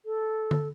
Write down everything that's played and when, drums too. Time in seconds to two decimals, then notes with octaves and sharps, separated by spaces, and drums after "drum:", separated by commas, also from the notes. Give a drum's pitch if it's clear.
0.04 A4
0.51 drum: tom D3